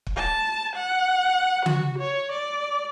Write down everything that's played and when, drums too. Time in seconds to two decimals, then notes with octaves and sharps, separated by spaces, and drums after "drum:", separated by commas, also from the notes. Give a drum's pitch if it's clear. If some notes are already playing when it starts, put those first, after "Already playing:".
0.07 drum: kick
0.16 A5
0.76 F#5
1.66 F#4, drum: tom C#3
1.99 C#5
2.32 D5